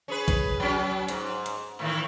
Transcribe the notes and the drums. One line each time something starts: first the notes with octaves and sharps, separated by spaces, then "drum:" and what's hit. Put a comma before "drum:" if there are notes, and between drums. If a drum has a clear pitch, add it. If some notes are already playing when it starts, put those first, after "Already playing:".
C#4 G#4 B4
drum: kick, hi-hat
F#3 C#4
G#2, drum: hi-hat
drum: hi-hat
A2 D#3 E3